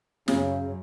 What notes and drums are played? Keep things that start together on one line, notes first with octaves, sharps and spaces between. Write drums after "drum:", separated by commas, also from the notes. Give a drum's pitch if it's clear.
F#2 C#3, drum: snare